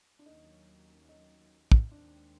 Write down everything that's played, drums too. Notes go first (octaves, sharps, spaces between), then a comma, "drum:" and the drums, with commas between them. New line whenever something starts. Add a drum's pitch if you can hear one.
D4
D#2 D#3 F#3 A#3 C#4 D#4
D#4
drum: kick
D#2 D#3 G#3 C4 D4